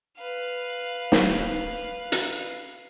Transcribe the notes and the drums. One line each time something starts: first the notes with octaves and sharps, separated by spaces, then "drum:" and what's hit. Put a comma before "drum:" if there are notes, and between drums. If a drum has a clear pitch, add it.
B4 F5
drum: snare
drum: hi-hat